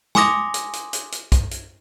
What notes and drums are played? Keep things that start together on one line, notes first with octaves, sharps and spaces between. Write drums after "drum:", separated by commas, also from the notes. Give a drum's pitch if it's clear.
G#5 C6 D6 D#6 A#6, drum: snare
drum: hi-hat
drum: hi-hat
drum: hi-hat
drum: hi-hat
drum: kick, hi-hat
drum: hi-hat